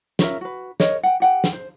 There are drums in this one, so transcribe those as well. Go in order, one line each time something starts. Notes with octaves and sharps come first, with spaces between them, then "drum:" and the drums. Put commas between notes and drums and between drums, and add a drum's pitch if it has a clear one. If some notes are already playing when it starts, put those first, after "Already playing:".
C#4 F4 A#4 E5, drum: snare
F#4 B4
A#4 C5 C#5 D#5, drum: snare
F#5 G5
G4 F#5 G5
drum: snare
C5